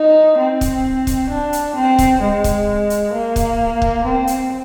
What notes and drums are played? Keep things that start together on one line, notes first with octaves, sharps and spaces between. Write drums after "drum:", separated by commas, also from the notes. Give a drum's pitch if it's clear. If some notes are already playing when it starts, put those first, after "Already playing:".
Already playing: D#4
C4
drum: kick, hi-hat
drum: kick, hi-hat
D4
drum: hi-hat
C4
drum: kick, hi-hat
G#3
drum: kick, hi-hat
drum: hi-hat
A#3
drum: kick, hi-hat
drum: kick
C4
drum: hi-hat